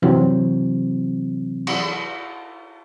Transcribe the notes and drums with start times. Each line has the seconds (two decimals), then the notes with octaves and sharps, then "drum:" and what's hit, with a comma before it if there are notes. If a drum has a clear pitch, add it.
0.02 C3 E3 F#3 C4, drum: tom
1.67 drum: cymbal